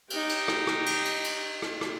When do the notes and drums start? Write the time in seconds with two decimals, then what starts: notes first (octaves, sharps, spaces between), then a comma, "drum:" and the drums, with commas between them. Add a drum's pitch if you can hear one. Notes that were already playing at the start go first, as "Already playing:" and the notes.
0.10 D#4 G4, drum: cymbal
0.29 drum: cymbal
0.48 drum: rim click
0.67 drum: rim click
0.86 drum: cymbal
1.05 drum: cymbal
1.24 drum: cymbal
1.62 drum: rim click
1.81 drum: rim click